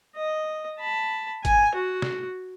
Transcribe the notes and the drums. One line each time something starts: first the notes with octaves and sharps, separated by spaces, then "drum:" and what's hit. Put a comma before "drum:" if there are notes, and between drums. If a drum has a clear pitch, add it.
D#5
A5 B5
G#5, drum: kick G#1, hi-hat
F#4
drum: snare